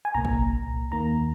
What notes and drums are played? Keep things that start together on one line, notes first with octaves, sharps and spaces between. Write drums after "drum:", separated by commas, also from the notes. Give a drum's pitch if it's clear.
G#5
C2 A#2 A#3 A#5
drum: kick
D#2 D#3 A#3 A#5